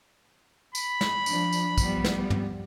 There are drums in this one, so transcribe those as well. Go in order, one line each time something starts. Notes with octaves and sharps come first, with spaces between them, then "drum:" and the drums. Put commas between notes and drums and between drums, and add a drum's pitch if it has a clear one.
B5, drum: tambourine
drum: snare
F3 D4, drum: tambourine
drum: tambourine
F3 G3 B3, drum: kick B1, tambourine
drum: snare
drum: tom